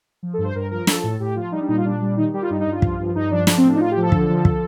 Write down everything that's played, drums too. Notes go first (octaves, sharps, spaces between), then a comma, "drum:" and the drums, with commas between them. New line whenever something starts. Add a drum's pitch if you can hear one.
F3
G2 A4
C5
G2 A#4
F3 A#4
F3 A4, drum: snare
A2
A2 G4
F3 F4
G3 D#4
D4
A#2 D#4
F4
A#2 D4
G3
D#3 D#4
G3 G4
F4
G2 D#4
D#4
G2
F4
F3, drum: kick
G2
G2 D#4
F3 D4
F3 D4, drum: snare
C4
A2 D4
D#4
A2 F4
G4
F3 A4
D3, drum: kick
F3
drum: kick